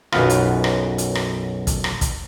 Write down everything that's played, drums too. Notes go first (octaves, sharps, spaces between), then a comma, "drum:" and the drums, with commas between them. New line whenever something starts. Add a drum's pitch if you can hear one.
B1 F#2 B3 F4, drum: rim click
drum: hi-hat
drum: rim click
drum: hi-hat
drum: rim click
drum: kick, hi-hat
drum: rim click
drum: kick, hi-hat